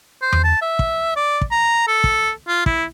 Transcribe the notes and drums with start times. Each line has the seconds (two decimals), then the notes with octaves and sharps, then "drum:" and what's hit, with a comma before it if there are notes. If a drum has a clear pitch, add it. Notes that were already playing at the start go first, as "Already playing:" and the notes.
0.22 C5
0.32 drum: tom E2
0.44 A5
0.62 E5
0.79 drum: kick
1.16 D5
1.41 drum: kick
1.51 A#5
1.88 A4
2.04 drum: kick
2.48 F4
2.66 E4, drum: kick